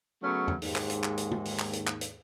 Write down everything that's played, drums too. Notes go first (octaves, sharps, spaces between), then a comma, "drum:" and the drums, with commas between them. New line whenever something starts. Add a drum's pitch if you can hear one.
C#3 F#3 A3 B3 C#4
drum: tom E2
D#2 G#2, drum: open hi-hat
drum: clap
drum: hi-hat
drum: clap
drum: hi-hat
drum: tom
drum: open hi-hat
drum: clap
drum: hi-hat
drum: clap
drum: hi-hat